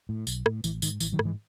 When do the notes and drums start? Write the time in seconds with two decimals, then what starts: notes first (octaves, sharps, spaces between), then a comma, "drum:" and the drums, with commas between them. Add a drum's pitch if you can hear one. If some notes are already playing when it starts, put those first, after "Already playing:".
0.09 A2
0.27 B1, drum: tambourine
0.46 A2, drum: rim click
0.64 A1 E3, drum: tambourine
0.82 G#2 D#3, drum: tambourine
1.00 A1 E3, drum: tambourine
1.12 D#3 F#3
1.19 G#2, drum: rim click
1.25 E3 G#3